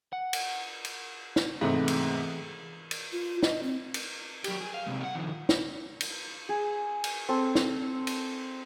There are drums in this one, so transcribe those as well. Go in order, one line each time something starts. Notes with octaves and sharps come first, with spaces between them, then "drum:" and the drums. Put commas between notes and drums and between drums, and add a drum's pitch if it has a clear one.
F#5
drum: cymbal
drum: cymbal
drum: snare
G#2 C3 E3 A3 B3 G#4
drum: cymbal
drum: cymbal
F4
D#5, drum: snare
C4
drum: cymbal
F#3 G4, drum: cymbal
G#4
F5
C3 G#3
F5 F#5
D#3 F3
drum: snare
drum: cymbal
G#4
drum: cymbal
C4 A4
drum: snare
drum: cymbal